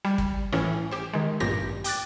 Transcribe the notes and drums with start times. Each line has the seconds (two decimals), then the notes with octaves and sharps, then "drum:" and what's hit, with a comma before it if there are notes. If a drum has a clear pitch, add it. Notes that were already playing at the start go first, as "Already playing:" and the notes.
0.05 G3
0.18 drum: kick
0.53 A2 E3 C#4
0.92 G4 C5
1.14 D#3 G#3
1.40 A1 G2 A#2 G4 A#6
1.84 G5 D6 F#6 A6, drum: hi-hat